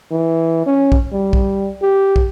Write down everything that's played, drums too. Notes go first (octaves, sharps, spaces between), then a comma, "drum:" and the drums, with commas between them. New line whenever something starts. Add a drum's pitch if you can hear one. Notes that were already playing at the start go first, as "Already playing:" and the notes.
E3
C#4
drum: kick
G3
drum: kick
G4
drum: kick